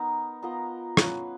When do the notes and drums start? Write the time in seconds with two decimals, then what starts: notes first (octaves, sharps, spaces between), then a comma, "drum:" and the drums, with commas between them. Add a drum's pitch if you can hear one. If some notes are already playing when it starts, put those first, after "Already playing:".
Already playing: B3 D#4 A#4
0.43 B3 F4 A#4 D#5
0.97 C#4 F4 B4, drum: rim click